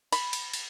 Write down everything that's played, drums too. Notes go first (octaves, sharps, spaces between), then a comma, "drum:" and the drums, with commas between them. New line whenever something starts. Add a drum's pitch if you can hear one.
B5, drum: cymbal
drum: cymbal
drum: cymbal